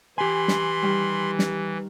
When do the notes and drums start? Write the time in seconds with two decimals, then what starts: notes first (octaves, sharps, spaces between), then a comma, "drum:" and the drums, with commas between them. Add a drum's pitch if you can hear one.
0.18 E3 G4 G#5 B5 C6
0.48 drum: snare
0.82 D#3 G3
1.39 drum: snare